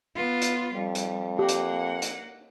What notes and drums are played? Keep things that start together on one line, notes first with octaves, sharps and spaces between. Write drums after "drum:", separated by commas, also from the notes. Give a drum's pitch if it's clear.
B3 F4
drum: hi-hat
F2 G3
drum: hi-hat
A#3 G4 F#5
drum: hi-hat
drum: hi-hat